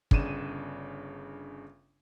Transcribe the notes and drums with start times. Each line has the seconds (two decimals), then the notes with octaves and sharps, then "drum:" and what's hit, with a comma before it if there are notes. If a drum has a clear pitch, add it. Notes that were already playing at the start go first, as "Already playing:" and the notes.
0.11 G1 C#3 D4 D#7 E7, drum: kick